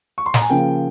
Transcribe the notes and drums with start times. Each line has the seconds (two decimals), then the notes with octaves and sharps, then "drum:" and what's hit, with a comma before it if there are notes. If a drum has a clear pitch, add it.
0.18 C#6
0.26 C6
0.34 A#5, drum: snare
0.42 G#5
0.50 C#3 F3 A#3 G5